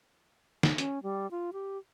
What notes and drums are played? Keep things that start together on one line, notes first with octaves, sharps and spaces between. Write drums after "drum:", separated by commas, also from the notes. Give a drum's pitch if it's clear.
drum: snare
C#4, drum: hi-hat
G3
F4
G4